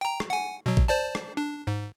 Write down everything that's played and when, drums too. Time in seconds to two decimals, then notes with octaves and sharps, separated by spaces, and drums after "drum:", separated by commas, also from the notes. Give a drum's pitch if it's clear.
0.01 G5 A#5
0.20 drum: rim click
0.30 F#5 G#5
0.66 B2 F#3
0.77 drum: kick A1
0.88 C5 D5 A5
1.15 drum: rim click
1.37 D4
1.67 G#2